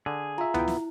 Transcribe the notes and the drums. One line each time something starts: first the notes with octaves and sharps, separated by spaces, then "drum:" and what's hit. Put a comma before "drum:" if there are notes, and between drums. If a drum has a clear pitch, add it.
D3 G#4
F4 E5 A#5
B3 E4 G5, drum: tom D2
drum: snare